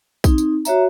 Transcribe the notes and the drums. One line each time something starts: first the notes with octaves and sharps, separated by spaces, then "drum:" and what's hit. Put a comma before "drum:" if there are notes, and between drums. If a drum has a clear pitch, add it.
C4 D#4, drum: kick A#1, tambourine
drum: tambourine
F#4 C#5 E5 A#5, drum: tambourine